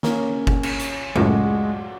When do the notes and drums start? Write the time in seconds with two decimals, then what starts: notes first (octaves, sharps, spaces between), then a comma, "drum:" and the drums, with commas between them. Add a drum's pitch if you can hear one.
0.03 C#3 A#3 C#4, drum: snare
0.47 drum: kick F#1
0.63 drum: cymbal
0.80 drum: hi-hat
1.16 C#2 F#2 A2 G#3 F4 F#4 D5, drum: tom G#3